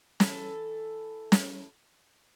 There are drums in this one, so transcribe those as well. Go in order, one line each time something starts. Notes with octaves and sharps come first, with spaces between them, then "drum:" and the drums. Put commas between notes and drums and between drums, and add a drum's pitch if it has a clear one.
E3 A4, drum: snare
drum: snare